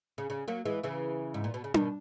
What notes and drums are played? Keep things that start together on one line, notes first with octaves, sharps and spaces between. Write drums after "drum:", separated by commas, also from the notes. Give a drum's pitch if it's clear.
C#3
C#3
F#3 A#3
E3 G#3
C#3 E3
G#2
A#2
B2
C#3
B2 D#3, drum: tom D4